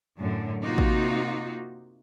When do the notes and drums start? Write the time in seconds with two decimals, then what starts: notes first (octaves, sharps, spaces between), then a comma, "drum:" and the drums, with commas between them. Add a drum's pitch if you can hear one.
0.19 F#2 A2 D3
0.62 C3 A#3 D#4 F4 F#4
0.78 drum: kick A1